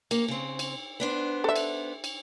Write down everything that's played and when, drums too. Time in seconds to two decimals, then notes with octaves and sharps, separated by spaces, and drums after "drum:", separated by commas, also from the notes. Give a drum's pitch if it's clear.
0.11 A#3, drum: cymbal
0.28 C#3 C4
0.59 drum: cymbal
1.00 B3 D4 C5
1.44 A4 E5
1.56 drum: cymbal
2.04 drum: cymbal